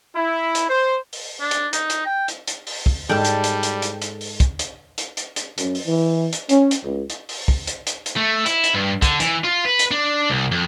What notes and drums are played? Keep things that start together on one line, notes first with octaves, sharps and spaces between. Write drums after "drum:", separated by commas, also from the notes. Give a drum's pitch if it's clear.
E4
drum: hi-hat
C5
drum: open hi-hat
D4
drum: hi-hat
D#4, drum: hi-hat
drum: hi-hat
G5
drum: hi-hat
drum: hi-hat
drum: open hi-hat
drum: kick
G#2 G3 A4 D5 G5 A5
drum: hi-hat
drum: hi-hat
drum: hi-hat
drum: hi-hat
drum: hi-hat
drum: open hi-hat
drum: kick, hi-hat
drum: hi-hat
drum: hi-hat
drum: hi-hat
drum: hi-hat
F#2, drum: hi-hat
drum: open hi-hat
E3
drum: hi-hat
C#4, drum: hi-hat
drum: hi-hat
C#2
drum: hi-hat
drum: open hi-hat
drum: kick
drum: hi-hat
drum: hi-hat
drum: hi-hat
A3
E4, drum: hi-hat
drum: hi-hat
G2
D3, drum: kick, hi-hat
E3, drum: hi-hat
F4
B4
drum: hi-hat
D4
C2
F2